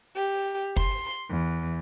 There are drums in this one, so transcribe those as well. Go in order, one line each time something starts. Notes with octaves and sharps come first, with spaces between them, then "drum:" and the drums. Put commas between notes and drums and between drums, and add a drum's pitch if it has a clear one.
G4
C6, drum: kick
E2